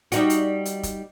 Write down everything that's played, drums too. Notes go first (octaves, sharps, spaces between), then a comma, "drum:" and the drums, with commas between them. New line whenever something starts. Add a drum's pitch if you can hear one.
G3 D#4 F#4, drum: hi-hat
drum: hi-hat
drum: hi-hat
drum: kick, hi-hat